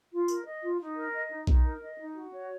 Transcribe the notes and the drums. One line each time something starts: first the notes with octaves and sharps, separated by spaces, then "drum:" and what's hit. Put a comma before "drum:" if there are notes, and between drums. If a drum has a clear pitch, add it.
F4
A#4, drum: tambourine
D#5
F4
D#4
A#4
D#5
D#4
D#4, drum: kick B1
A#4
D#5
D#4
F#4
C#5